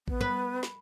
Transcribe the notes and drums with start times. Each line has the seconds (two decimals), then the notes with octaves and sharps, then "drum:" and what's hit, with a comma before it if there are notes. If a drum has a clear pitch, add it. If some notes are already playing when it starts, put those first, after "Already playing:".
0.08 B3, drum: kick A1
0.21 B4
0.63 drum: snare